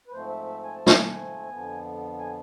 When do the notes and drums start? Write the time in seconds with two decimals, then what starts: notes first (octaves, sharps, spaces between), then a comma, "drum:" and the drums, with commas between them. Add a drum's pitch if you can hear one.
0.08 B4
0.12 G#2 F3 A3 C4 C5
0.28 E5
0.46 E5
0.63 G#5
0.75 A5
0.86 G#5, drum: snare
1.49 F2 D3 F3 B3
2.19 G#5